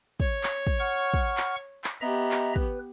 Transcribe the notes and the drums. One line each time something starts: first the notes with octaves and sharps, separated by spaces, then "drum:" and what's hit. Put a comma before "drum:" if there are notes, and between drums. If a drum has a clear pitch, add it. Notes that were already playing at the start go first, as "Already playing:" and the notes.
C#5, drum: kick
drum: clap
drum: kick
F#5 C#6 F6
drum: kick
drum: clap
drum: clap
B3 G4 D#5 E5 A#5
drum: clap
B4, drum: kick